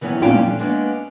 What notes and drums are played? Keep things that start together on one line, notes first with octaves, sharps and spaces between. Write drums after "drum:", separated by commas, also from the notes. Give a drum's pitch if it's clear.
D#3 E3 F#3 B3 C#4
F2 A#2 C#4 G4 F5 G5, drum: tom
D3
G#3 A#3 B3 C#4 D4